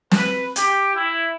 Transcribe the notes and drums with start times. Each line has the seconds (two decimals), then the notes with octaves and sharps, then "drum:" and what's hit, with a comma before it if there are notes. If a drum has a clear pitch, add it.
0.11 B4, drum: snare
0.56 G4, drum: hi-hat
0.94 E4